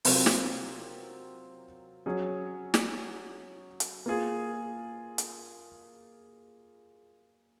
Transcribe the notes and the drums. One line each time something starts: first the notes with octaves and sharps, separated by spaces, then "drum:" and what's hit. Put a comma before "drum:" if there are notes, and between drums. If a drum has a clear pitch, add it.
C3 F#3 C4 F4 A#4, drum: open hi-hat
drum: snare
F#3 C#4 G#4
drum: snare
drum: hi-hat
A#3 F4 G#4
drum: hi-hat